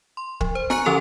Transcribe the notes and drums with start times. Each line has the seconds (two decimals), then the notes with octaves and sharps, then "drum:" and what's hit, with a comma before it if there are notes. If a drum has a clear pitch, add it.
0.17 C6
0.41 F3, drum: kick
0.55 C5
0.70 G#5 A#5 C#6 F#6 C#7, drum: snare
0.85 D3 F3 C#4 A4 C6 F7